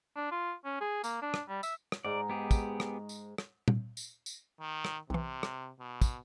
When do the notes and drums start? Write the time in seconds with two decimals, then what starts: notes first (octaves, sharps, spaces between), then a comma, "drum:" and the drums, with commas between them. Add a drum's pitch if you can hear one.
0.16 D4
0.31 F4
0.65 C#4
0.81 G#4
1.04 A#3, drum: tambourine
1.22 D4
1.34 drum: rim click
1.49 G3
1.63 E5, drum: tambourine
1.92 drum: rim click
2.05 G#2 D5 A#5
2.30 B3 G4 G#4
2.51 drum: kick, tambourine
2.80 drum: rim click
3.09 drum: tambourine
3.38 drum: rim click
3.68 drum: tom A#2
3.97 drum: tambourine
4.26 drum: tambourine
4.60 D#3
4.85 drum: rim click
5.10 B1 C3 E3
5.43 drum: rim click
5.80 B2
6.02 drum: kick, tambourine